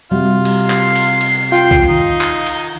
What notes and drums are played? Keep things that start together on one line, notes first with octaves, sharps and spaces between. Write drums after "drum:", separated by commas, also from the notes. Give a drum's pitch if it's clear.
C3 G3 F4 F#4
drum: cymbal
C7, drum: clap
drum: cymbal
drum: cymbal
F4 G5
drum: kick B1
D#3 D#4
drum: clap
drum: cymbal